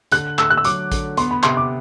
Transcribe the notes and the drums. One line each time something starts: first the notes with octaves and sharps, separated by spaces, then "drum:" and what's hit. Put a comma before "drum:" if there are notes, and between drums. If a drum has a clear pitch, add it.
D3 F#6, drum: hi-hat
A3 E6, drum: clap
F#6
E6
F#3 D6, drum: hi-hat
D3, drum: kick A1, hi-hat
B3 C6, drum: hi-hat
B5
C3 C6, drum: clap
D6